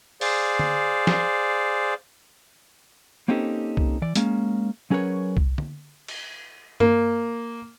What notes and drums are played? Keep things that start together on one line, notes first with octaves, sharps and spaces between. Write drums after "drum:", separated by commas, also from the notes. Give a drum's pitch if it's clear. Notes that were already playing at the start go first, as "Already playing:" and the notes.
G#4 C5 D5 F5, drum: open hi-hat
drum: tom D3
drum: snare F3
A#3 C4 C#4 D#4 G4 A4
drum: kick C2
E3 D5
G#3 A#3 C#4, drum: hi-hat
F#3 C#4 G#4 A#4 B4 C#5
drum: kick C2
drum: tom D3
drum: cymbal
A#3, drum: tom G2